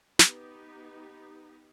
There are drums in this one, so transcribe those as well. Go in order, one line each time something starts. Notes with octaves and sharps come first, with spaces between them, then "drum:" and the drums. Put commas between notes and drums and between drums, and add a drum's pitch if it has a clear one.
B3 D#4 G4 B4, drum: snare